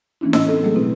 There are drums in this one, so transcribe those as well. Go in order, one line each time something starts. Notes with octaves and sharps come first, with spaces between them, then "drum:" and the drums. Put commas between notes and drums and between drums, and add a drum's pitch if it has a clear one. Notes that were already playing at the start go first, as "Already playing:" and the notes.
E3 A#3 C#4 D4 E4
A2 D#5 E6, drum: snare D#4
C4 A4
F#3 G3 A3 A#3 G#4
B2 C4 E4 B4